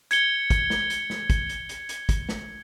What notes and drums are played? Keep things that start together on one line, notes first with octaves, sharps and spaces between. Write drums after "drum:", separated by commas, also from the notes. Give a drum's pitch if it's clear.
G#6 C#7 G7, drum: hi-hat
drum: kick, hi-hat
drum: snare
drum: hi-hat
drum: snare
drum: kick, hi-hat
drum: hi-hat
drum: hi-hat
drum: hi-hat
drum: kick, hi-hat
drum: snare